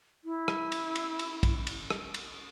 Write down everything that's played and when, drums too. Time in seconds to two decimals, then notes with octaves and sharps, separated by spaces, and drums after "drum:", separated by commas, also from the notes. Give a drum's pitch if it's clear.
0.24 E4
0.48 drum: rim click
0.72 drum: cymbal
0.95 drum: cymbal
1.19 drum: cymbal
1.43 drum: kick, cymbal
1.67 drum: cymbal
1.90 drum: rim click
2.14 drum: cymbal